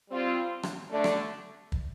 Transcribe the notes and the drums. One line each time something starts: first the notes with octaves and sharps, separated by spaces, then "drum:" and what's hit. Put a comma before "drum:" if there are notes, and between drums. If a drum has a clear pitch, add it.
G3 C4 F4
drum: rim click
D3 A3 D4
drum: rim click
drum: kick